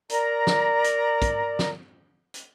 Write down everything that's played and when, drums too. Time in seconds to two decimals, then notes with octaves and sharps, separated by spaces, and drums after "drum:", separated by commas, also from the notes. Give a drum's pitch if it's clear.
0.09 A#4 D5 A#5, drum: hi-hat
0.47 drum: snare
0.84 drum: hi-hat
1.22 drum: kick, hi-hat
1.59 drum: snare
2.34 drum: hi-hat